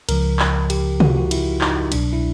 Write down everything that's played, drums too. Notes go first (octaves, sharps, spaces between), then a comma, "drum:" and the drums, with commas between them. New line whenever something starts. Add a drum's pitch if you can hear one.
C#2 C#3 F3 A#4, drum: cymbal
drum: clap
G4, drum: cymbal
F#4, drum: tom C3
F4
F#4
E4, drum: cymbal
D#4, drum: clap
C2 B2 F#3 D4, drum: cymbal
E4